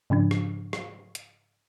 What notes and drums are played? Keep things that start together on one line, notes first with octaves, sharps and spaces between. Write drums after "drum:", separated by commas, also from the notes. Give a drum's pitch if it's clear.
G#2 C#3 F3 D4
drum: rim click
drum: rim click
drum: hi-hat